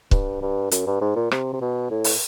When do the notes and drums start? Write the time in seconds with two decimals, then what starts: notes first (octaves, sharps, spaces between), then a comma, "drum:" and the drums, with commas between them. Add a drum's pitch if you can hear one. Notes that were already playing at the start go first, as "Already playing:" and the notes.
0.11 G2, drum: kick C#1
0.42 G2
0.71 F#2, drum: hi-hat
0.87 G2
1.01 G#2
1.16 A#2
1.31 C3, drum: rim click
1.53 C3
1.61 B2
1.91 A2
2.04 drum: open hi-hat